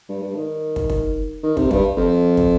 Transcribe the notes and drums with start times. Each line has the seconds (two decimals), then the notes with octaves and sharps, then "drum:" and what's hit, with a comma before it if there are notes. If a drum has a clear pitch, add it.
0.09 G2
0.23 G2
0.35 D#3
0.76 drum: kick
0.90 drum: kick
1.43 D#3
1.57 C3, drum: kick
1.71 G2, drum: kick
1.97 F2
2.37 drum: kick